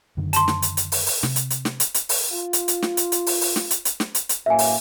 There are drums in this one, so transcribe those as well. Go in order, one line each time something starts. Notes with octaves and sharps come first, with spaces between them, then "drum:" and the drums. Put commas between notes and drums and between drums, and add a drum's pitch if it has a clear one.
F#2 D3 D#3
A5 C6, drum: hi-hat
drum: snare
drum: hi-hat
drum: hi-hat
drum: open hi-hat
drum: open hi-hat
C3, drum: snare
drum: hi-hat
drum: hi-hat
drum: snare
drum: hi-hat
drum: hi-hat
drum: open hi-hat
F4
drum: hi-hat
drum: hi-hat
drum: snare
drum: hi-hat
drum: hi-hat
drum: open hi-hat
drum: open hi-hat
drum: snare
drum: hi-hat
drum: hi-hat
drum: snare
drum: hi-hat
drum: hi-hat
F#2 A2 A#3 E5 G#5
drum: open hi-hat